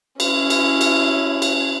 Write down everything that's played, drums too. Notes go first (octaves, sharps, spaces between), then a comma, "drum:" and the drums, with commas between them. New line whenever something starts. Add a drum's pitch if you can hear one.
C#4 E4, drum: cymbal
drum: cymbal
drum: cymbal
drum: cymbal